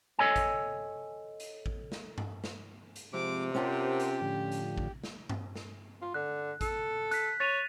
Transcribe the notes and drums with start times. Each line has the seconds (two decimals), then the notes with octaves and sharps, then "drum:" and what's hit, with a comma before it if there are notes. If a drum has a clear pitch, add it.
0.19 A4 C#5 D#5 G#5
0.36 drum: kick A1, hi-hat
1.40 drum: hi-hat
1.66 drum: kick A1
1.92 drum: snare
2.18 drum: tom G2
2.44 drum: snare
2.96 drum: hi-hat
3.14 C3 F3 G#3 C4 D6
3.55 C#4 F4 G4 A#4 C5 F#5 A5
4.00 drum: hi-hat
4.21 A2 D3 F3
4.52 drum: hi-hat
4.78 drum: kick A1
5.04 drum: snare
5.30 drum: tom G2
5.55 drum: snare
6.02 F4
6.14 D3 F#6
6.61 A4, drum: kick A1, hi-hat
7.11 F#6 B6, drum: hi-hat
7.40 C#5 A6 D#7 F7